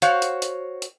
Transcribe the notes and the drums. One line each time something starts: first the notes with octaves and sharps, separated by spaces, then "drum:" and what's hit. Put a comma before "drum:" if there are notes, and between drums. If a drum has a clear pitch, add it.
F#4 C5 C#5 F5, drum: hi-hat
drum: hi-hat
drum: hi-hat
drum: hi-hat